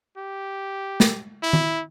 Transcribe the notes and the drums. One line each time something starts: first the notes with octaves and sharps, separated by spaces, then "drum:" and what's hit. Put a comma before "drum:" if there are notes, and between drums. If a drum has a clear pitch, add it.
G4
drum: snare
E4
drum: tom D#3